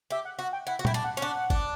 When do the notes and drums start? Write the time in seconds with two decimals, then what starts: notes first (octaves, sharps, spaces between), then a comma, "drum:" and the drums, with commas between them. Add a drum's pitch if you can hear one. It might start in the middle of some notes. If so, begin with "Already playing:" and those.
0.10 G4 E5
0.25 F#5
0.39 F#4
0.53 G5
0.67 E4 F#5
0.79 F#4
0.85 E4 G5, drum: tom A#2
0.94 D4
1.04 F#5
1.17 C#4
1.22 D4 F#5
1.50 D4, drum: kick G1